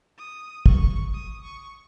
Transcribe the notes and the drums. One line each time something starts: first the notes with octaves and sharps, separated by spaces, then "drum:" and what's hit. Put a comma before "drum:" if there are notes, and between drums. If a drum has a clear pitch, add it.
D#6
C#6, drum: kick
D#6
C#6